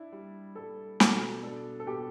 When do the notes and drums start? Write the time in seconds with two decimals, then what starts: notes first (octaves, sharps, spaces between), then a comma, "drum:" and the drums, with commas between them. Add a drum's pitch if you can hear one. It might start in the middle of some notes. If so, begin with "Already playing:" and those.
Already playing: D4 E4
0.12 G3
0.55 G3 A4
1.00 B2 A4, drum: snare
1.43 D4 A4
1.80 A4
1.87 B2 G4